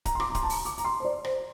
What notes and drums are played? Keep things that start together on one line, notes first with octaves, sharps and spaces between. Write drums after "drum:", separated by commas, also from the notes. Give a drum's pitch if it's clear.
A#5, drum: kick, hi-hat
C6
D6, drum: rim click
A#5
C6, drum: kick, hi-hat
A5
A#5, drum: open hi-hat
D6, drum: hi-hat
A#5, drum: hi-hat
C6
C5
D5
C5, drum: rim click